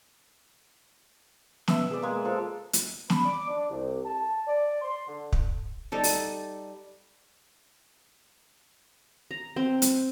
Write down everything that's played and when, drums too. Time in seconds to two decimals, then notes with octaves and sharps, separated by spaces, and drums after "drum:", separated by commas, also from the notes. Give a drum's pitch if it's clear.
1.68 B2 E5, drum: snare
1.90 G#4 D5
2.02 G#3 A#3
2.25 F3 A4
2.73 drum: hi-hat
3.10 B5, drum: snare
3.25 D6
3.48 D4
3.70 C2
4.05 A5
4.47 D5
4.82 C6
5.08 D3
5.33 drum: kick
5.92 G3 D#4 A4
6.04 drum: open hi-hat
9.31 A#5
9.56 C4
9.82 drum: hi-hat